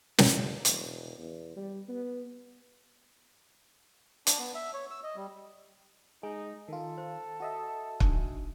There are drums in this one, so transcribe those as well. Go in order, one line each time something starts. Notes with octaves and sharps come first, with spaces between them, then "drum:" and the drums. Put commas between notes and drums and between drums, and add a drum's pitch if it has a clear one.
F#1, drum: snare
E1, drum: hi-hat
E2
G3
B3
D4, drum: hi-hat
B3
E5
C#5
E6
D#5
G3
G#3 D#4 G#5
D#3 F4 A4
C5
F#4 D#5 E5
D4 D#4, drum: kick